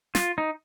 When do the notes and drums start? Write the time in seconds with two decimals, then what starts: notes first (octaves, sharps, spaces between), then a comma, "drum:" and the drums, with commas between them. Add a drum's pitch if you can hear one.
0.15 F4, drum: snare
0.38 D#4